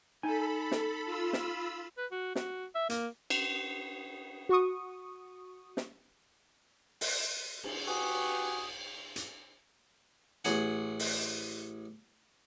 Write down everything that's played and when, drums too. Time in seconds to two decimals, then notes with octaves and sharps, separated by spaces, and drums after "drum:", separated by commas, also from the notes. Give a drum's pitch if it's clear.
0.23 D#4 A4 G#5 B5
0.71 drum: snare
1.05 F4 B5 E6
1.33 drum: snare
1.98 B4
2.11 F#4
2.35 F#4, drum: snare
2.75 E5
2.90 A#3, drum: hi-hat
3.30 drum: cymbal
4.49 F#4 C#6 D#6
5.77 drum: snare
7.01 drum: open hi-hat
7.64 drum: cymbal
7.88 F#4 G4 B4 G#5 C#6 D#6
9.16 drum: hi-hat
10.45 A1 G#4 F#5, drum: hi-hat
10.99 drum: open hi-hat